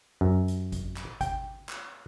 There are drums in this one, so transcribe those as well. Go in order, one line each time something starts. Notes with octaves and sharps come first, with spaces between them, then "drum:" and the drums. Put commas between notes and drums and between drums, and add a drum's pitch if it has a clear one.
F#2
drum: hi-hat
drum: kick G#1, hi-hat
drum: clap
G5, drum: kick G#1, hi-hat
drum: clap